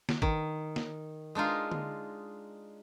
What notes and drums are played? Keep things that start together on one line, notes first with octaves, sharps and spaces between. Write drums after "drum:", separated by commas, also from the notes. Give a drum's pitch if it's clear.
drum: snare
D#3, drum: kick
drum: snare
G#3 D4 D#4 F4
drum: tom D3